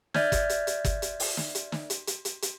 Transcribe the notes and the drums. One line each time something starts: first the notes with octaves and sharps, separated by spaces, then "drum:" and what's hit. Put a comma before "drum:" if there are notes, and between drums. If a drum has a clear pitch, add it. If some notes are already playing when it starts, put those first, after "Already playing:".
D5 E5 F6 G6 G#6, drum: snare
drum: kick, hi-hat
drum: hi-hat
drum: hi-hat
drum: kick, hi-hat
drum: hi-hat
drum: open hi-hat
drum: snare
drum: hi-hat
drum: snare
drum: hi-hat
drum: hi-hat
drum: hi-hat
drum: hi-hat